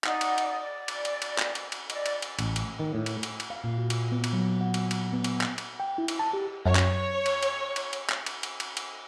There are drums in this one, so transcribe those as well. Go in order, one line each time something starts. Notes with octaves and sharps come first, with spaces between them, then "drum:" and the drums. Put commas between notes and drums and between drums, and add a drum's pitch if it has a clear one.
D#4 D5 F#5, drum: clap
drum: cymbal
drum: cymbal
D5
drum: cymbal
drum: cymbal
drum: cymbal
drum: clap
drum: cymbal
drum: cymbal
D5 D#5, drum: cymbal
drum: cymbal
drum: cymbal
A1, drum: cymbal
drum: cymbal
D#3
A2
drum: cymbal
drum: cymbal
drum: cymbal
F5
A#2
F#4
drum: cymbal
B3
drum: cymbal
F#3
F#5
drum: cymbal
drum: cymbal
B3
drum: cymbal
drum: clap
drum: cymbal
G5
E4
drum: cymbal
A5
G4
F#2 C#5
drum: clap
drum: cymbal
drum: cymbal
drum: cymbal
drum: cymbal
drum: clap
drum: cymbal
drum: cymbal
drum: cymbal
drum: cymbal